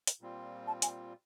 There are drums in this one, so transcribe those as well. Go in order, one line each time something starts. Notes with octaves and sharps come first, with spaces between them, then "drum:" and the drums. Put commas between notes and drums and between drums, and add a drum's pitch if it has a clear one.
drum: hi-hat
A#2 G3 C4 F4
A5
G#5, drum: hi-hat